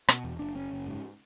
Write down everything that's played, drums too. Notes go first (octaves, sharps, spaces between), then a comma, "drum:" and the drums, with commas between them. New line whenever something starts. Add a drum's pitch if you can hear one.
B2, drum: rim click
E2
F#1 D4
F#1 C#4
F#1
G#2